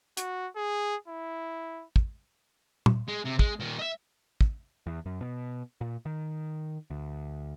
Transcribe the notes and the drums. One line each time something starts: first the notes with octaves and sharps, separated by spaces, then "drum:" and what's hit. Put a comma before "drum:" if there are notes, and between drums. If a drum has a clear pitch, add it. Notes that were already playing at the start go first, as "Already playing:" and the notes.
F#4, drum: hi-hat
G#4
E4
drum: kick
drum: tom A#2
G#3
C3
G#3, drum: kick
A#2 D#3
D#5 E5
drum: kick
E2
F#2
B2
A#2
D#3
D2